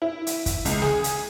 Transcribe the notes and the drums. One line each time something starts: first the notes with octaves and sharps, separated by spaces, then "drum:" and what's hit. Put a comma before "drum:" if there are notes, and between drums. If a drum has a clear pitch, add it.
E4
drum: hi-hat
drum: kick, hi-hat
C#2, drum: hi-hat
G#4, drum: snare
drum: hi-hat